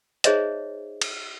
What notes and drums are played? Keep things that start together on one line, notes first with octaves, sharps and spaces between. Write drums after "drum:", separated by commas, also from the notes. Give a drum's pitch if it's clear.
D#4 G#4 C5 C#5 D#5 E5, drum: hi-hat
drum: cymbal